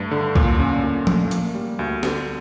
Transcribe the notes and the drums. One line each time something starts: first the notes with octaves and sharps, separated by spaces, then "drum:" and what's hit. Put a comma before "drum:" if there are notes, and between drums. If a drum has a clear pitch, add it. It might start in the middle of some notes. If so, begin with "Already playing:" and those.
Already playing: G2 A3
D3
A#2, drum: kick C2
C#4
A#2
A3, drum: tom F3
A#3, drum: hi-hat
G3
D2
D3, drum: snare